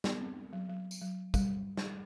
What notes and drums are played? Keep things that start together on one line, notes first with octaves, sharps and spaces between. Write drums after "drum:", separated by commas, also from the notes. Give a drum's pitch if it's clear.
B3, drum: snare
C4
F#3
F#3
drum: tambourine
F#3
G3, drum: kick, tambourine
drum: snare